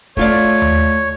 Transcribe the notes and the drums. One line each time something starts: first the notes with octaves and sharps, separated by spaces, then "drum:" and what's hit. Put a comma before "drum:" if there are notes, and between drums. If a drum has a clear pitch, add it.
A3 F4 C#5 D5, drum: kick
drum: tom D#2